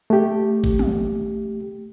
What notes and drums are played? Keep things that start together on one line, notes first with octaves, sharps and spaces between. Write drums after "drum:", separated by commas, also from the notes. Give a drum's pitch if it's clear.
A3 G4
drum: kick G#1
drum: tom